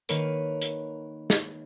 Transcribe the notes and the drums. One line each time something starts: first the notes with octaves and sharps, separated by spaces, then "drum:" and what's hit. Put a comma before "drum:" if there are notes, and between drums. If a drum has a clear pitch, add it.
D#3 A#3 B4 C#5 D#7, drum: hi-hat
drum: hi-hat
drum: snare